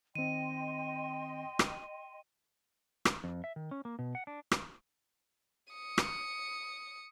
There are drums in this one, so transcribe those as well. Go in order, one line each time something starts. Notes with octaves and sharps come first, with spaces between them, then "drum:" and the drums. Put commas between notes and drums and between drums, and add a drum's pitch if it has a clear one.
D#3 C4 D#5 G5 C6 D#7
drum: rim click
drum: rim click
F2
E5
D#3
C#4
A#3
B2
F#5
D4
drum: rim click
D#6 C#7
drum: rim click